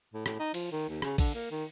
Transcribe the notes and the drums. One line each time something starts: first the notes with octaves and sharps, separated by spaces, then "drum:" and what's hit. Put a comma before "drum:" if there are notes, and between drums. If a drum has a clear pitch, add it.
A2
A2, drum: rim click
D#4
F3, drum: cymbal
D#3
D#2
C#3, drum: rim click
D3, drum: kick A#1, cymbal
A#3
D#3